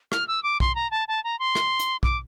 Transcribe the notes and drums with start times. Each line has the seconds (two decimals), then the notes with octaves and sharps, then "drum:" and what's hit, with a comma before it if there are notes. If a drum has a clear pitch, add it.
0.12 F6, drum: rim click
0.28 E6
0.43 D6
0.60 C6, drum: kick B1
0.75 A#5
0.91 A5
1.08 A5
1.24 A#5
1.39 C6
1.55 drum: rim click
1.79 drum: hi-hat
2.03 D6, drum: kick B1